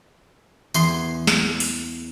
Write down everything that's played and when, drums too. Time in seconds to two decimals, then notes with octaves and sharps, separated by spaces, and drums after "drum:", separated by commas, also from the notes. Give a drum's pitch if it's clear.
0.74 E2 C6, drum: tambourine
1.27 drum: snare
1.60 drum: open hi-hat